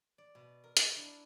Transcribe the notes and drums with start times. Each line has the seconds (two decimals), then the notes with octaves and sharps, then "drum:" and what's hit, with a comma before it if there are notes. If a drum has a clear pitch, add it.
0.18 D5
0.35 B2
0.64 A#4
0.77 E4, drum: hi-hat
0.96 D4